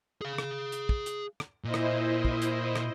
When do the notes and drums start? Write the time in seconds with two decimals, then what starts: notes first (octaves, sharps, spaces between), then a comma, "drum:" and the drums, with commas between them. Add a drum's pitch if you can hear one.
0.21 G#4 F5
0.38 drum: rim click
0.72 drum: hi-hat
0.89 drum: kick
1.06 drum: hi-hat
1.40 drum: rim click
1.64 A#2 E4 C5 D#5
1.74 drum: rim click
2.25 drum: kick
2.42 drum: hi-hat
2.76 drum: rim click